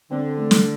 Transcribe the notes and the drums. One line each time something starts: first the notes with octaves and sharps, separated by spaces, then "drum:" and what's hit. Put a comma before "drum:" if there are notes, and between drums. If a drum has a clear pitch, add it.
D3 C4
A3
drum: snare